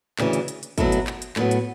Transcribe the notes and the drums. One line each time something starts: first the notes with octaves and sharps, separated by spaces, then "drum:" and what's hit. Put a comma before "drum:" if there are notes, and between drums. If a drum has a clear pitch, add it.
D2 C#3 E3, drum: clap
drum: hi-hat
drum: hi-hat
drum: hi-hat
B2 F#3 A3 E4, drum: kick, hi-hat
drum: hi-hat
drum: clap
drum: hi-hat
A2 F#3 B3, drum: clap
drum: hi-hat